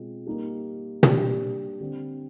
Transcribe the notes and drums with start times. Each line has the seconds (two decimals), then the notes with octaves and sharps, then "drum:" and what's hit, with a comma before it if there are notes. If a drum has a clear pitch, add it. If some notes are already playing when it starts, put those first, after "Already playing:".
Already playing: B2 G#3 C4 F4
0.26 G3 A#3 D#4 G4
1.03 G3 A#3 D4 G4, drum: tom
1.80 D3 G3 C4